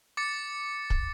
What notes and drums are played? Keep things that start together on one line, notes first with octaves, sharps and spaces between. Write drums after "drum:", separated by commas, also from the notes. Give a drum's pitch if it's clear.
D6 A6 C#7
drum: kick